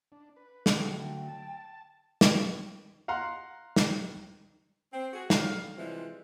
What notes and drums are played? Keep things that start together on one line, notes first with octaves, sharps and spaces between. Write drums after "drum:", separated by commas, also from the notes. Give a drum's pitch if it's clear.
D4
B4
drum: snare
D3 F#3 A3 G5
G5
A5
drum: snare
F5 F#5 A#5 C6
drum: snare
C4
F#4 G#4
D3 F5, drum: snare
C3 E3 F3 G3 G#3